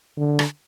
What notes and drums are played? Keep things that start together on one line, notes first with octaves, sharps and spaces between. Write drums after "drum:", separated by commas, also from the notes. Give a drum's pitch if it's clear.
D3
drum: rim click